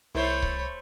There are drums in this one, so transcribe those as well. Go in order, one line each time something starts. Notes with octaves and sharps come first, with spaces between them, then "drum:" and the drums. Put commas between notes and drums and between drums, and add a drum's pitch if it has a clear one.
C2 A3 E4 C5 C#5 B5
drum: kick C#1